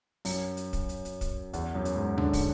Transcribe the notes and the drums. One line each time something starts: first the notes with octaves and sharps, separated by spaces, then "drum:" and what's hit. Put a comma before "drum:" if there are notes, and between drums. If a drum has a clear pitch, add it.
F#2, drum: open hi-hat
drum: hi-hat
drum: kick, hi-hat
drum: hi-hat
drum: hi-hat
drum: kick, hi-hat
E2, drum: hi-hat
F#2
drum: hi-hat
G#2
D3, drum: tom D2
drum: kick, open hi-hat